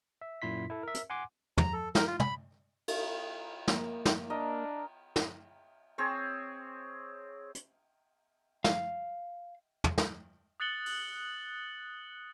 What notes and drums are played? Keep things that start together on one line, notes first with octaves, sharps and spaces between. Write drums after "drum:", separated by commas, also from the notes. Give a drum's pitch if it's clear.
E5
F#2 A#2 E4 C6 B6
E4 A4
A#4 E5
drum: hi-hat
F#5 G#5 C6 D6
A#5, drum: tom
A4
A#4, drum: snare
F4
B5, drum: tom
drum: cymbal
A#3, drum: snare
drum: snare
D4 A#4 D#5
drum: snare
C4 G#4 C#5
drum: hi-hat
F5, drum: snare
drum: tom
drum: snare
D#6 F#6 A6 C#7 F#7 G7
drum: open hi-hat